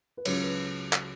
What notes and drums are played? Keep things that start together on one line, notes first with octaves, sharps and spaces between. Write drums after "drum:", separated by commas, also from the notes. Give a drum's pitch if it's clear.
B4
C#2 C#3 F#3 C#5, drum: cymbal
B4
drum: clap